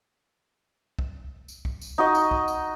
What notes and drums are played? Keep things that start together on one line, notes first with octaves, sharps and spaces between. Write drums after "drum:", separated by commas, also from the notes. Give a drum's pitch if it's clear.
drum: kick
drum: tambourine
drum: kick
drum: tambourine
D#4 F#4 D#5
drum: tambourine
drum: kick
drum: tambourine